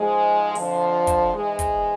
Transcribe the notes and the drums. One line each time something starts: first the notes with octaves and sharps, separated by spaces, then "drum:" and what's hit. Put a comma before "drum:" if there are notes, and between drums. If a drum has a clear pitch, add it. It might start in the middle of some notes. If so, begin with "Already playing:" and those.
Already playing: G#2 F3 G#3
F2 D3 F3, drum: open hi-hat
drum: kick, hi-hat
G#2 E3 G#3
drum: kick, hi-hat